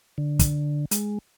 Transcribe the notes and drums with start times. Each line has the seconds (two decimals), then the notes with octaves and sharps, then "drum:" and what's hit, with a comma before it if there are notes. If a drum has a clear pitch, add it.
0.18 D3
0.39 drum: kick, hi-hat
0.91 G#3, drum: hi-hat